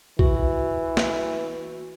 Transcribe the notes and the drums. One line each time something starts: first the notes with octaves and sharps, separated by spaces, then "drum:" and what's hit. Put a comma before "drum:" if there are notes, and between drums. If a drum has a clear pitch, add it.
E3 F#4, drum: kick B1
drum: snare